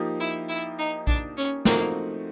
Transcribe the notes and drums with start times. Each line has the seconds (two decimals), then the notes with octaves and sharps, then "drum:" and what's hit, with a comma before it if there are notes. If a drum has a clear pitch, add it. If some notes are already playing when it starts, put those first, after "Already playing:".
Already playing: F3 A#3 D#4 G4
0.20 E4
0.49 E4
0.79 D#4
1.07 D4, drum: kick
1.37 C#4
1.65 F3 A3 A#3 C4 D#4 F#4, drum: snare